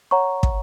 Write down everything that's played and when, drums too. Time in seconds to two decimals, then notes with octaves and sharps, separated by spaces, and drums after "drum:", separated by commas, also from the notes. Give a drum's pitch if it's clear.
0.11 C#5 F#5 A#5 C#6
0.43 drum: kick